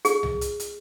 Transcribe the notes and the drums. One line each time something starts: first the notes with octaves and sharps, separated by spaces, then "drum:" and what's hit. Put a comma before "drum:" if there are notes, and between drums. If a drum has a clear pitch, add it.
G#4, drum: hi-hat
drum: tom C2
drum: hi-hat
drum: hi-hat